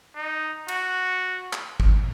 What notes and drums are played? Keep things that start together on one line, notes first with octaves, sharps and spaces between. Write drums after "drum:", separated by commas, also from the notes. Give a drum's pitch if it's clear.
D#4
F#4, drum: cymbal
drum: clap
drum: kick